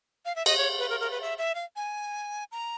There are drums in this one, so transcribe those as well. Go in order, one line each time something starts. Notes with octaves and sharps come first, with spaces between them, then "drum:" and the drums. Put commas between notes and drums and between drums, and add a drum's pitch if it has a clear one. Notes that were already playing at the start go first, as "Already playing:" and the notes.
F5
E5
D#5, drum: cymbal
C#5
B4
A#4
A#4
B4
E5
E5
F5
G#5
A#5